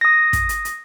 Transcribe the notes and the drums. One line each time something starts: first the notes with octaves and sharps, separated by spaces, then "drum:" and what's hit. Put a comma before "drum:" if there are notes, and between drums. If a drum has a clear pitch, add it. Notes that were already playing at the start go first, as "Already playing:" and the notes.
D#6 A#6
drum: kick, hi-hat
drum: hi-hat
drum: hi-hat